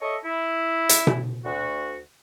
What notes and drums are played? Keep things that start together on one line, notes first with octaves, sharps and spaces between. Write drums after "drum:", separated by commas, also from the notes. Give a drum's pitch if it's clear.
A4 C#5 D#5 E5 C#6
E4
drum: hi-hat
drum: tom B2
D2 F#4